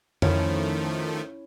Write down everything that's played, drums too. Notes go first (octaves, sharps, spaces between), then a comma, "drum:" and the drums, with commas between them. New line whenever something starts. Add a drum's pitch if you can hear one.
D#3 F3 A3 C#4 E4, drum: tom F2